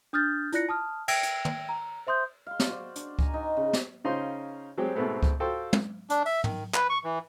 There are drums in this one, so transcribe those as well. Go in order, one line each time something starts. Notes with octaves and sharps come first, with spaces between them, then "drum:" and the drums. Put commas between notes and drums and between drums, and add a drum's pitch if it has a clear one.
D4 D#6 F6 G6 A6
E4 F4 D5 F#6 A#6 C#7, drum: hi-hat
A5 D#6 F6
E5 G5 G#6 A#6 D7, drum: cymbal
drum: hi-hat
drum: tom
A#5
C5 E5 C6 D#6 G6
F5 C6
drum: snare
F#4 C5 D5
D4, drum: hi-hat
G#5 A#5, drum: kick C#2
D#4 F#5
C#3
drum: snare
C#3 C#4 D#4 F4 C5 C6
F#3 G#3 C4 G4
G#2 B2 G#3 A3 B3 C4
drum: kick C#2
F4 F#4 A4 C5 G5 C6
drum: tom
D4, drum: hi-hat
E5, drum: open hi-hat
D#3, drum: tom
B4, drum: clap
C#6
E3